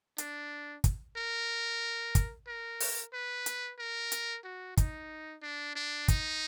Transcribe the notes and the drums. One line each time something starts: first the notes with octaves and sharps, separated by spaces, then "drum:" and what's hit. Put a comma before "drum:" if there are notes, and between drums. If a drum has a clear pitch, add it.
D4, drum: hi-hat
drum: kick, hi-hat
A#4
drum: kick, hi-hat
A#4
drum: open hi-hat
B4
drum: hi-hat
A#4
drum: hi-hat
F#4
D#4, drum: kick, hi-hat
D4
D4
D#4, drum: kick, hi-hat